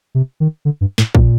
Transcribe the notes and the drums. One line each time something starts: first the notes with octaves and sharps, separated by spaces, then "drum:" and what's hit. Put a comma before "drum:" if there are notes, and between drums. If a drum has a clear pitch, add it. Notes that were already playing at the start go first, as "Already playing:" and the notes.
C3
D#3
D3
G2
A2, drum: snare
A#2, drum: kick